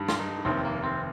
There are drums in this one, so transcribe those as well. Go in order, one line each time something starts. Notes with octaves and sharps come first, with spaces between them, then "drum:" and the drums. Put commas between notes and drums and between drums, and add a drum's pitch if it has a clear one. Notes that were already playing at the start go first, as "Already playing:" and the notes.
Already playing: G2 D#3 G3
F4, drum: snare
D#4
F1 D#2 D#3 C4
A#3
C4